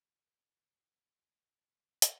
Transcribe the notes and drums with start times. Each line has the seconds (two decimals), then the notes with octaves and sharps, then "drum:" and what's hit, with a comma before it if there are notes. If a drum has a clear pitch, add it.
0.09 C2 E3
0.19 D3
0.24 D#3
0.37 B2
0.51 D3
0.65 C2
0.92 B2
1.20 C#2
1.47 C3
1.56 F3
1.74 C#2 G#3
1.93 G3
2.02 C3, drum: hi-hat